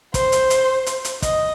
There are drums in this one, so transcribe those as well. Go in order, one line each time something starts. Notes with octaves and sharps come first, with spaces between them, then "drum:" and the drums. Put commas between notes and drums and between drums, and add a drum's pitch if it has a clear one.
C5, drum: kick, hi-hat
drum: hi-hat
drum: hi-hat
drum: hi-hat
drum: hi-hat
D#5, drum: kick, hi-hat